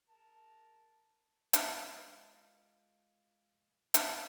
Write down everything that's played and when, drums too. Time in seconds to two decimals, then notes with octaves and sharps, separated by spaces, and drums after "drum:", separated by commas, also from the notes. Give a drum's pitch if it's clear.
0.09 A#4 A5
1.53 G#3 F4 A#4, drum: hi-hat
3.94 drum: hi-hat